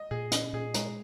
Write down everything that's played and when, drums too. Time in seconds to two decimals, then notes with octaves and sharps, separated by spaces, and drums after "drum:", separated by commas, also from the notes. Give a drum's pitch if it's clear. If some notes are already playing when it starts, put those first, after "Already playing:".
Already playing: D#5
0.11 A#2 G#4
0.32 C#4 D#4, drum: hi-hat
0.53 A#2 G#4
0.74 G#3 A#5, drum: hi-hat